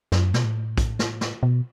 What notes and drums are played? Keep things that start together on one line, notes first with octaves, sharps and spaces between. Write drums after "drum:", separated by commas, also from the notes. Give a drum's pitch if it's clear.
F#2, drum: snare
B2, drum: snare
A2
drum: kick, hi-hat
drum: snare
drum: snare
B2